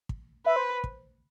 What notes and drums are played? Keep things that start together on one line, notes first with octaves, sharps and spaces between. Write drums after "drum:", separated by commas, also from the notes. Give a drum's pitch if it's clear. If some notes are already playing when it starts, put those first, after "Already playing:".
drum: kick
B4 E5
C5
drum: kick